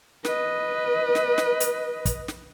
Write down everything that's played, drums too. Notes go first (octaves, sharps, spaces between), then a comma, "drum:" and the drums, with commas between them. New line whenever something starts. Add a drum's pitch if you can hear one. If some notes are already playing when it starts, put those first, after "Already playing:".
B4 D#5, drum: snare
drum: snare
drum: snare
drum: hi-hat
drum: kick, hi-hat
drum: snare